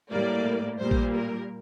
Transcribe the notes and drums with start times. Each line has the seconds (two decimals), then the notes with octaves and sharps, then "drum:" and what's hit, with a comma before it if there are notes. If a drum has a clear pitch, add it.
0.10 A2 G3 A#3 D5
0.80 A#2 G3 A#3 C5
0.91 drum: kick A1
1.14 A#4